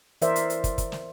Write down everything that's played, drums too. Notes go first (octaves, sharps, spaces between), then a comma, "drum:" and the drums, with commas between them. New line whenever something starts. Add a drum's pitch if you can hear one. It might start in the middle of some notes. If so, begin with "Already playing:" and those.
E3 A#4 C5 D5 E5, drum: hi-hat
drum: hi-hat
drum: hi-hat
drum: kick, hi-hat
drum: kick, hi-hat
drum: snare